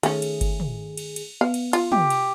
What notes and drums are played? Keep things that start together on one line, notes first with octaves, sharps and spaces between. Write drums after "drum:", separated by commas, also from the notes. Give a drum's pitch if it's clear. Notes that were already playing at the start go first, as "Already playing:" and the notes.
D#3 A3 C#4 G#4, drum: cymbal
drum: cymbal
drum: kick G1, cymbal
drum: tom
drum: cymbal
drum: cymbal
B3 F5
drum: cymbal
F4, drum: cymbal
G4, drum: tom
drum: cymbal